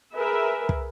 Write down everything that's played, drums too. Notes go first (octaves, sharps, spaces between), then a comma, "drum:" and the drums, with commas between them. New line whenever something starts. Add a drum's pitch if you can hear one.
G#4 A#4 B4 E5 G#5
drum: kick